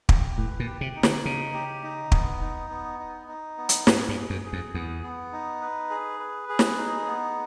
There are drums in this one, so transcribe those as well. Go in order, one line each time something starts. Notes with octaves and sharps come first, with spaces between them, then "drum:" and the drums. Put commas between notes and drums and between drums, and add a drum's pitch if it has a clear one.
G4, drum: kick
A2 B4
A#2
G4
C3
D#4
D3, drum: snare
C#3 D#4
G4
D#4
B3, drum: kick
D#4
B3
D#4
D#4
B3
drum: hi-hat
G#2 G#4, drum: snare
G2
G#4
F#2
G#4
F2
E2 B3
B3
D#4
B4
G#4
B4
G#4
drum: snare
D#4
B3